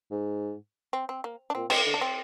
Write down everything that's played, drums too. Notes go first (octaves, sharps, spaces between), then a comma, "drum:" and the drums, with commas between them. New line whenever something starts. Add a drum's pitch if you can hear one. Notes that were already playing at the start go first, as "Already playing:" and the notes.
G#2
C4
C4
A#3
D4
A#2 C4
C4, drum: cymbal
D3
D4
C4